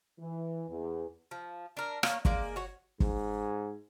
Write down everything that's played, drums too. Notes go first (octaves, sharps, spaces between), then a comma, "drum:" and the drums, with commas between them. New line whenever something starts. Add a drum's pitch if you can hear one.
E3
E2
F3
D4 A#4
A#3 C#5, drum: rim click
G#3 A#3 D5, drum: kick
F#4 C#5
G#2, drum: kick